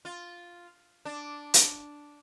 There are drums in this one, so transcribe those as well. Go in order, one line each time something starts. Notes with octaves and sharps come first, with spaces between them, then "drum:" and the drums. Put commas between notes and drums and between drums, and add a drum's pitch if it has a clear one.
F4
D4
drum: hi-hat